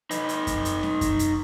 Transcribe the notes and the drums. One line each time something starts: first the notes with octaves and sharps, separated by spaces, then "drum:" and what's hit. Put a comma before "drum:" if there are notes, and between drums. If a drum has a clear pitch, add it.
D#4 B4, drum: hi-hat
drum: hi-hat
drum: kick F#2, hi-hat
drum: hi-hat
drum: snare C#4
drum: kick F#2, hi-hat
drum: hi-hat